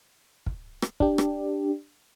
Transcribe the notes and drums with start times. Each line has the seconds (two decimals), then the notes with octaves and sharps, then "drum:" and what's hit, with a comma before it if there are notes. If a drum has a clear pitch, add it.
0.46 drum: kick
0.82 drum: rim click
1.00 D4 G4, drum: kick
1.18 drum: rim click